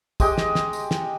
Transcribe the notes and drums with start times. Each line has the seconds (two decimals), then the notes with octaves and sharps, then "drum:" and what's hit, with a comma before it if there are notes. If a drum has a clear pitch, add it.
0.20 G#3 G4 D#5, drum: kick, tambourine
0.38 drum: snare
0.55 drum: snare
0.73 drum: tambourine
0.91 drum: snare